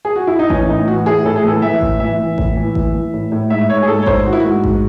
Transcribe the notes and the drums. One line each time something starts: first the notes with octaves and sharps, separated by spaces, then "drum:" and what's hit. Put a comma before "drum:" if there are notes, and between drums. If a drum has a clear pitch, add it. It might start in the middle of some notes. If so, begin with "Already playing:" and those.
G#4
F#4
E4
D#4
E3 C#4, drum: kick A1
A2 D#4
E3 F#4
F#4
A2 G#4
A2 A4
G#4
E3 A4
E3 E5
A2, drum: kick A1
E3 E5
E3
A2, drum: kick A1
E3
E3, drum: kick A1
E3
A2
A2
G#2 E5
G#2 C#5
G#4
G#2 A4
C#5
G#2 C5, drum: kick A1
D#3 F#4
E4
G#2 F#4
G#2, drum: kick A1